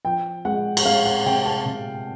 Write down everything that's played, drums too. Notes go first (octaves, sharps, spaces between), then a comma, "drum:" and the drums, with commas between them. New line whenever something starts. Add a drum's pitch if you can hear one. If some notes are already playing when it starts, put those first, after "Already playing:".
F3 G5
G#3 F#5
F#5, drum: cymbal
G#3 F5
F#5
C3 G5
A5
C3